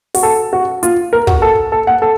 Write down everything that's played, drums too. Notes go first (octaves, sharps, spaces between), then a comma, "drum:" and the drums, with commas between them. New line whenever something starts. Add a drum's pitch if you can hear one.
F#4, drum: open hi-hat
A4
F#4
F4, drum: hi-hat
A#4
F#4, drum: kick
A4
A4
F#5
A4